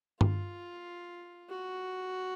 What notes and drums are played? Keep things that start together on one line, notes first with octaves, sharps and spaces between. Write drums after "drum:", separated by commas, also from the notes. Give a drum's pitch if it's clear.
F4, drum: tom G2
F#4